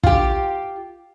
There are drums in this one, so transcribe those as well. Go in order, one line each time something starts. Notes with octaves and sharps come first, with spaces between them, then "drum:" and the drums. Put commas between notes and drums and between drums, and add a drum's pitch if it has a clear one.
F4 G4, drum: kick